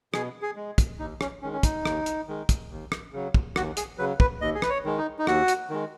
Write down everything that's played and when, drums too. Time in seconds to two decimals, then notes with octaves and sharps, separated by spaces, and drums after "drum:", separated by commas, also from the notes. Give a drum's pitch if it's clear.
0.14 B2 G#4, drum: rim click
0.42 G#4
0.56 G#3
0.78 drum: kick, hi-hat
0.99 D#2 D#4
1.21 C#4, drum: rim click
1.42 D#3 G#3 C#4
1.53 C#4
1.63 D#4, drum: kick, hi-hat
1.85 D#2, drum: rim click
2.06 drum: hi-hat
2.28 D#3 G#3
2.49 drum: kick, hi-hat
2.70 D#2
2.92 drum: rim click
3.13 C#3 F#3
3.34 drum: kick
3.56 D#2 F#4, drum: rim click
3.77 G#4, drum: hi-hat
3.98 C#3 F#3 B4
4.20 B4, drum: kick
4.41 D#2 D#5
4.55 G#4
4.62 B4, drum: rim click
4.70 C#5
4.85 D#3 G#3
4.98 D#4
5.19 D#4
5.27 D#2 F#4, drum: rim click
5.48 drum: hi-hat
5.70 D#3 G#3